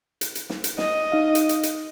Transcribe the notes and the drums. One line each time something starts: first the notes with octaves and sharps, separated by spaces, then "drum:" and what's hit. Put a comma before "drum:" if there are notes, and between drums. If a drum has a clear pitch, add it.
drum: hi-hat
drum: hi-hat
drum: snare
drum: hi-hat
D#5, drum: snare
D#4 F5
drum: hi-hat
drum: hi-hat
drum: hi-hat